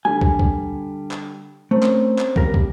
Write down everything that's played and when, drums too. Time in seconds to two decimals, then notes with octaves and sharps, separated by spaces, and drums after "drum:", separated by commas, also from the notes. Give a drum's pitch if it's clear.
0.05 D3 G3 G#5
0.21 drum: kick
0.39 drum: kick
1.11 drum: clap
1.71 A3 C4 C#4 A#4
1.82 drum: clap
2.18 drum: clap
2.36 D#2 G3 A#4, drum: kick
2.54 drum: kick